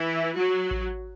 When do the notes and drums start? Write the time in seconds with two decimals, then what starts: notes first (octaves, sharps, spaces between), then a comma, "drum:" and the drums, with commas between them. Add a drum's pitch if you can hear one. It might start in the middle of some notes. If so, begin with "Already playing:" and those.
Already playing: E3 E4
0.36 F#3 F#4
0.71 drum: kick A1